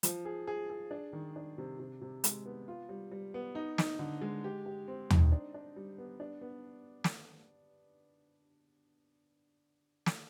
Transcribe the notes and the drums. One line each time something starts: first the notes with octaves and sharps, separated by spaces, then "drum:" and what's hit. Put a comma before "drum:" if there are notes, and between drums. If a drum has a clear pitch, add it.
F3, drum: hi-hat
G#4
G#4
G#4
D4
D#3
D4
C3
C3
C3
G#3, drum: hi-hat
B3
F4
G3
G3
B3
D#4
D#4, drum: snare
D3
G#3
G4
G4
C4
D#4, drum: tom
D4
D4
G3
B3
D4
B3
drum: snare
drum: snare